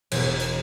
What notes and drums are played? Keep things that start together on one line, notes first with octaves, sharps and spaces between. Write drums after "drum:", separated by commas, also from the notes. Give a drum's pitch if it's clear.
E1, drum: cymbal
drum: hi-hat